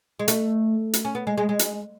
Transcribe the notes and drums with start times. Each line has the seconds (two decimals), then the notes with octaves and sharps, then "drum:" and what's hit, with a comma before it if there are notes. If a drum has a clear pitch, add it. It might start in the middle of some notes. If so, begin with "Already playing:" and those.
0.19 G#3
0.28 A3, drum: hi-hat
0.93 drum: hi-hat
1.05 C#4
1.15 B3
1.27 G#3
1.37 G#3
1.49 G#3
1.59 drum: hi-hat